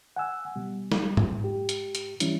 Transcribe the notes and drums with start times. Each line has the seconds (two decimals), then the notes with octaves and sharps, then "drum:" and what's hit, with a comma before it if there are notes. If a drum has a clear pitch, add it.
0.16 F#5 G#5 E6
0.56 B2 G3
0.92 drum: snare
1.17 drum: tom G#2
1.40 G#2 G4
1.69 drum: hi-hat
1.95 drum: hi-hat
2.20 E3 G3 C#4 D4 E4, drum: hi-hat